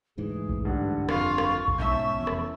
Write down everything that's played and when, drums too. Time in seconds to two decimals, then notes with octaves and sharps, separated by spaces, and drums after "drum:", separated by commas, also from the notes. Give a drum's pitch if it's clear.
0.17 D2 G#2 E3 G#4
0.49 drum: kick B1
0.65 G2 D3 D4 F#5
1.09 F#1 F2 F4 C#6, drum: rim click
1.38 drum: rim click
1.68 drum: kick B1
1.78 B1 G#2 C#4 E5 A5 G6
2.18 F1 E2
2.27 drum: rim click